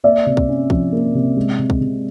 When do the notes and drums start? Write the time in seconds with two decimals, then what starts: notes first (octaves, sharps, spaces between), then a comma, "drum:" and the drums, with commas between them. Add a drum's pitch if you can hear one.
0.04 A#3 D5 E5
0.26 C3
0.37 drum: kick
0.49 C#4
0.70 F3, drum: kick
0.93 A#3
1.15 C3
1.37 G#3
1.59 C3
1.70 drum: kick
1.81 C3